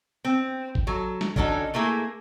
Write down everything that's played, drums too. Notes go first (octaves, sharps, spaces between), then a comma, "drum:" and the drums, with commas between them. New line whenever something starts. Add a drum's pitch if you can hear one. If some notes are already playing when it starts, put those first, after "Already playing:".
C4
drum: kick A1
F#3 A4
drum: snare
D3 C#4 D#4 F#4 G#4 A4, drum: kick A1
A3 A#3 E4 G#4